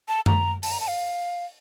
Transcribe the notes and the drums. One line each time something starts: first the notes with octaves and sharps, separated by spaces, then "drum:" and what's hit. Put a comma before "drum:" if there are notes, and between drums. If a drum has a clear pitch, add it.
A5
A#5, drum: tom F#2
A5, drum: open hi-hat
A#5
A5
F5